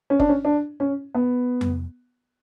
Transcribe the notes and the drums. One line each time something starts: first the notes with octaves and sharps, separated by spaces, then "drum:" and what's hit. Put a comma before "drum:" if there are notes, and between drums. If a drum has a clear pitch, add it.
C#4
D4, drum: kick
C#4
D4
C#4
B3
drum: tom F2